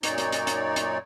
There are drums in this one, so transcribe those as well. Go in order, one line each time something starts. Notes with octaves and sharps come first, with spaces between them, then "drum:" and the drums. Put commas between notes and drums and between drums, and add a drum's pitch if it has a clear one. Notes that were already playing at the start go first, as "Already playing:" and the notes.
F#2 A#2 D#4 C#5 D5, drum: hi-hat
drum: hi-hat
drum: hi-hat
drum: hi-hat
drum: hi-hat